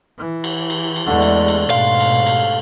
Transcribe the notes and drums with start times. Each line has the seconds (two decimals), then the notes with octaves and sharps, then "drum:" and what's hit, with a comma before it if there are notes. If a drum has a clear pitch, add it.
0.18 E3
0.44 drum: cymbal
0.70 drum: cymbal
0.96 drum: cymbal
1.07 E2 D3 G#3 A3
1.22 drum: cymbal
1.48 drum: cymbal
1.70 G#2 B2 C5 F5 G5
2.00 drum: cymbal
2.27 drum: cymbal